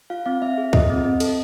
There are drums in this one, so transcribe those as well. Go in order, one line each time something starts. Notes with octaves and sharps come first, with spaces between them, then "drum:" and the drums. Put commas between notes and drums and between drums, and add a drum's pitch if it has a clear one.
F4 F5
C4 F5
C4 E5
G#4
F4 D#5, drum: kick
C4
C4
A4, drum: cymbal